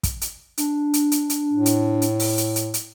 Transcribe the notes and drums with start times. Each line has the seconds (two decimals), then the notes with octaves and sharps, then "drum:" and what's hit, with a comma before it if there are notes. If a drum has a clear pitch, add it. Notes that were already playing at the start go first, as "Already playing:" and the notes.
0.03 drum: kick, hi-hat
0.21 drum: hi-hat
0.57 D4, drum: hi-hat
0.94 drum: hi-hat
1.12 drum: hi-hat
1.30 drum: hi-hat
1.53 A2
1.66 drum: hi-hat
2.02 drum: hi-hat
2.20 drum: open hi-hat
2.38 drum: hi-hat
2.56 drum: hi-hat
2.74 drum: hi-hat